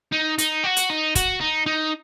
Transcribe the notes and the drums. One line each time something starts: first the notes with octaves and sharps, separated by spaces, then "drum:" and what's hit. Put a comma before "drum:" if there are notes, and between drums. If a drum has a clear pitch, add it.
D#4
D#4, drum: hi-hat
F#4
drum: hi-hat
D#4
F#4, drum: kick, hi-hat
D#4
D#4